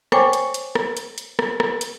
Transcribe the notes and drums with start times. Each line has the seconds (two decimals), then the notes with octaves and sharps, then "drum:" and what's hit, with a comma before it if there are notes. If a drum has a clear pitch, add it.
0.12 C5 C#5 G5 G#5 C#6 D6, drum: rim click
0.33 drum: hi-hat
0.54 drum: hi-hat
0.75 drum: rim click
0.97 drum: hi-hat
1.18 drum: hi-hat
1.39 drum: rim click
1.60 drum: rim click
1.81 drum: hi-hat